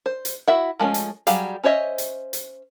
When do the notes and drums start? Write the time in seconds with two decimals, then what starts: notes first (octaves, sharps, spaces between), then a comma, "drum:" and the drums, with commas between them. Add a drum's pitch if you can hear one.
0.06 C5
0.25 drum: hi-hat
0.48 E4 F#4 E5 F#5
0.80 F3 G#3 A3 C#4
0.94 drum: hi-hat
1.27 F#3 G3 G4 G#4 F5, drum: hi-hat
1.64 C#4 C5 C#5 D#5 E5
1.98 drum: hi-hat
2.33 drum: hi-hat